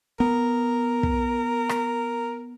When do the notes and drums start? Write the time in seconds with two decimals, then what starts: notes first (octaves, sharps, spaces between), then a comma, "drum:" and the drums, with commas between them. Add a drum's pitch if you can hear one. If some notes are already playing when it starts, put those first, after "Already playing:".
0.20 B3 A#4
1.03 drum: kick
1.69 drum: rim click